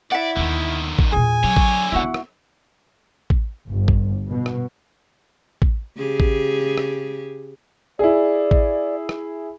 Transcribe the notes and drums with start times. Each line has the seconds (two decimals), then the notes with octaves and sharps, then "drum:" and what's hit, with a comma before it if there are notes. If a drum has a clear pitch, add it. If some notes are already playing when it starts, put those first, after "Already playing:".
0.12 E4 D5 E5 F#5
0.37 D#2 D3 D#3 B3
0.99 drum: kick A1
1.12 E2 A#2 G#4 G#5
1.44 D3 F#3 C#5
1.56 drum: kick A1
1.92 A3 B3 E4 F#4 F#5
2.14 drum: rim click
3.30 drum: kick A1
3.68 G1
3.88 drum: kick A1
4.28 B2
4.46 drum: rim click
5.62 drum: kick A1
5.97 C#3 G4 G#4
6.20 drum: kick A1
6.78 drum: rim click
7.99 E4 G#4 D5
8.51 drum: kick A1
9.09 drum: rim click